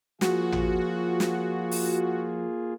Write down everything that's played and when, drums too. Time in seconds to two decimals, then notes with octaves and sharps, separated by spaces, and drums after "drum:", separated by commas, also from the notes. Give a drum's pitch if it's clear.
0.21 F3 A#3 F4 F#4 G#4, drum: snare
0.52 drum: tom
1.20 drum: snare
1.71 drum: open hi-hat